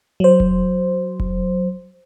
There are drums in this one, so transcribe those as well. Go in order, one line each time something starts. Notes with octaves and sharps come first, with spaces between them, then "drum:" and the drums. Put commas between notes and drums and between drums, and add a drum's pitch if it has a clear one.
F#3 C5
drum: kick F1
drum: kick F1